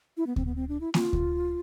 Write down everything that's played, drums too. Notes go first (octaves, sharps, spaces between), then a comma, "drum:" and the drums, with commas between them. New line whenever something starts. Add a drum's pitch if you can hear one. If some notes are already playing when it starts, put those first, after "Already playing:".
E4
B3
C4, drum: kick D2
B3
C4
D4
E4
F4, drum: snare A#3
drum: kick D2